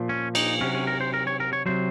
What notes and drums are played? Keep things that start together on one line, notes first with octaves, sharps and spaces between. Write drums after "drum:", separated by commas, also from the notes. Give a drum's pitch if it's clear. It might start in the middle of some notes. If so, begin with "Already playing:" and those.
Already playing: A#2 F3
C#4
D#4, drum: cymbal
C3 F#3 C#4
C#4
A#4
C5
A#4
C#5
A#4
C#5
C3 F#3 C5